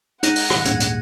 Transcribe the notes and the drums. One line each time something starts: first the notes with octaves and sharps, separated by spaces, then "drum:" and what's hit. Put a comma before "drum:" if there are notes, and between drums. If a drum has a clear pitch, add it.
G#3 D#4 F#5 F#6 A#6 D#7, drum: hi-hat
drum: open hi-hat
drum: rim click
D#1 G#2 G#6, drum: hi-hat
drum: hi-hat